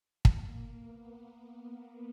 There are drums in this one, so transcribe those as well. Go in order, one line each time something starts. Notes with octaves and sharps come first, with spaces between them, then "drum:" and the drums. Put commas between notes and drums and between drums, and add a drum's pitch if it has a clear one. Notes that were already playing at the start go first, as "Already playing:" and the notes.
A#3, drum: kick
B3